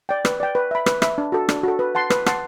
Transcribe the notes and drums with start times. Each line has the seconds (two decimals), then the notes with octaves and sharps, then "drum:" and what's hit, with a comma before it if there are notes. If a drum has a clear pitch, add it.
0.09 D5 G5
0.25 B4, drum: rim click
0.40 D5 G5
0.55 B4
0.71 E5 B5
0.86 B4, drum: rim click
1.02 E5 B5, drum: rim click
1.18 D4
1.32 F#4 A4
1.49 D4, drum: rim click
1.63 F#4 A4
1.79 B4
1.95 F#5 A5 C6
2.10 B4, drum: rim click
2.26 F#5 A5 C6, drum: rim click